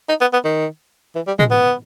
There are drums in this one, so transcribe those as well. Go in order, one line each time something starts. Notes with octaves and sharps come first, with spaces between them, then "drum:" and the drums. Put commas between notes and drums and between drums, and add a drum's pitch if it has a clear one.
D#4
B3
B3
D#3
E3
G3
G#3, drum: tom
B3